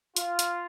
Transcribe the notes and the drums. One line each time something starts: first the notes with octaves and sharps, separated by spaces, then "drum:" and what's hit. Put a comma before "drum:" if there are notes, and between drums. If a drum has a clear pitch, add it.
F4, drum: hi-hat
drum: hi-hat